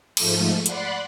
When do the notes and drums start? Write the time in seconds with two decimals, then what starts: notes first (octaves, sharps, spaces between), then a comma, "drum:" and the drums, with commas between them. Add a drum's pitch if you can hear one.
0.17 G#2 F3 A3, drum: cymbal
0.66 D5 F#5 B5 C6 F#6 C7, drum: hi-hat